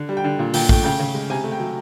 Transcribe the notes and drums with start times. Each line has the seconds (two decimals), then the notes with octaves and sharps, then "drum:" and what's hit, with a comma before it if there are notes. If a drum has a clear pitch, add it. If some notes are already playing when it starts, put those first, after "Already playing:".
Already playing: D3
0.09 G3
0.17 G5
0.24 D3
0.39 A#2
0.54 A#2 G5, drum: open hi-hat
0.69 A3 G5, drum: kick
0.84 C#3 G5
1.00 C#3
1.14 G#3
1.30 C3 G#5
1.44 A3
1.52 G5
1.59 F#3